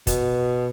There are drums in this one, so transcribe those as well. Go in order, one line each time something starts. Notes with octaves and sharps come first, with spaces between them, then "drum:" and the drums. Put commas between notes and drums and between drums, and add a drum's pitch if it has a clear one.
B2, drum: kick, hi-hat